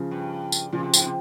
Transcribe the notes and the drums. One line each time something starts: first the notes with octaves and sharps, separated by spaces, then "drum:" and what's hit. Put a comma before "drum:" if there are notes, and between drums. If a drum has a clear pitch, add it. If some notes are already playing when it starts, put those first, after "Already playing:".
Already playing: C#3 F3
G2
drum: tambourine
A#2 C#3 F3
C3
G#2, drum: tambourine
C3